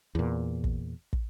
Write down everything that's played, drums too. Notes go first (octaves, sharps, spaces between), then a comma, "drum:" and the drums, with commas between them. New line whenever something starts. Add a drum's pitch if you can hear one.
E2 A#2
drum: kick
drum: kick